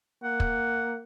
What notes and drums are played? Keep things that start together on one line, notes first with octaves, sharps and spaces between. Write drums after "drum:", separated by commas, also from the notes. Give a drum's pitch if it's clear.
A#3 F#5
drum: kick